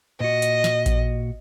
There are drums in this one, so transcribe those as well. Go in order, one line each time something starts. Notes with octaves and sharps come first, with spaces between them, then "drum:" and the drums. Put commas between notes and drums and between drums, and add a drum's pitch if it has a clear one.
A#2 F#4 D#5
drum: hi-hat
drum: snare
drum: kick A1, hi-hat